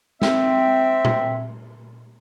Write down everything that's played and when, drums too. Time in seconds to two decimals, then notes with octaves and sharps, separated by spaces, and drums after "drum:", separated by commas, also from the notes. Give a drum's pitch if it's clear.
0.22 C4 E5, drum: snare
1.05 drum: tom A#2